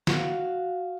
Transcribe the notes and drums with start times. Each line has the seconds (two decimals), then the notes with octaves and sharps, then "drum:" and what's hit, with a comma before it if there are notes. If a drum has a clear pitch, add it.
0.07 F#4 F5, drum: snare